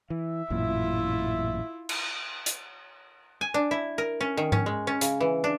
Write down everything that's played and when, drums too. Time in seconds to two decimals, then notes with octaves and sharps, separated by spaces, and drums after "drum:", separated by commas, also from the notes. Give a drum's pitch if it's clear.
0.10 E3 E5
0.50 A1 F#2 A#2 E4 F4
1.89 drum: cymbal
2.46 drum: hi-hat
3.41 G#5
3.54 D4
3.71 E4
3.98 A#4
4.21 C#4
4.37 D#3
4.52 C#4, drum: tom G#2
4.66 G#3
4.87 C#4
5.01 C#3, drum: hi-hat
5.20 E3
5.44 D4